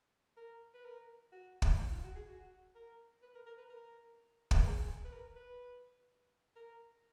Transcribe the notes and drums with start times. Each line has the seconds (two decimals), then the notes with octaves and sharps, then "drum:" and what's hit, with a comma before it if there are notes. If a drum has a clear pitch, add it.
0.37 A#4
0.74 B4
0.85 A#4
1.32 F#4
1.62 drum: kick
1.80 D#4
1.91 F4
2.04 F#4
2.16 G#4
2.27 F#4
2.75 A#4
3.22 B4
3.35 A#4
3.47 A#4
3.58 B4
3.70 A#4
4.51 B4, drum: kick
4.57 A#4
4.65 G#4
5.05 B4
5.13 A#4
5.36 B4
6.56 A#4